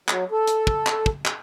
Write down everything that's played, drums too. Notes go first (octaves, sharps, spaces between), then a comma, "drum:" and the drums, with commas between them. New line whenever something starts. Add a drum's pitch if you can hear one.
F#3, drum: clap
A4
drum: hi-hat
drum: kick
drum: clap
drum: kick
drum: clap